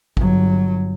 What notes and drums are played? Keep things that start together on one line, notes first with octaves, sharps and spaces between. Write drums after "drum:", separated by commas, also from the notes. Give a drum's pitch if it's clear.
G1 F#3, drum: kick A1